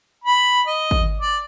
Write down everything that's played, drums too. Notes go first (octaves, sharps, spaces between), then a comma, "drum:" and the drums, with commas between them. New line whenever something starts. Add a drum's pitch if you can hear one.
B5
D#5
drum: kick
D5